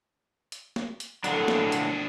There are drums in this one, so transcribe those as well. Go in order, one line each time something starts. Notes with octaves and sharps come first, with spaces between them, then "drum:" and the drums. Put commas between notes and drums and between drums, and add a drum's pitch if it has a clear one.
drum: hi-hat
drum: snare
drum: hi-hat
A2 D3 F#3 D4 G#4 A4, drum: hi-hat
drum: snare
drum: hi-hat